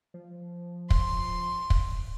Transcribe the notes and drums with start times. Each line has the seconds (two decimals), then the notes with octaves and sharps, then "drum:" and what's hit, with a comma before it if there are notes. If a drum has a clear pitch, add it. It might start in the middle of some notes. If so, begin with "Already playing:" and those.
0.14 F3
0.90 C6, drum: kick
1.70 drum: kick